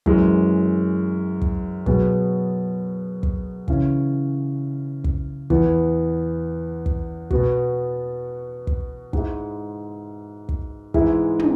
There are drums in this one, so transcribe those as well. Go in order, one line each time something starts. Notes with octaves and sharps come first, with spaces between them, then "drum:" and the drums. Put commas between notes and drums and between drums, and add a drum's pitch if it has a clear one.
F#2 E3 G#3, drum: kick
drum: kick
B2 F#3 B3 G#4, drum: kick
drum: kick
C#3 E3 C#4 E4, drum: kick
drum: kick
E2 E3 B3, drum: kick
drum: kick
B2 B3 F#4, drum: kick
drum: kick
G#2 G#3 E4, drum: kick
drum: kick
G#2 E3 G#3 E4, drum: kick
drum: tom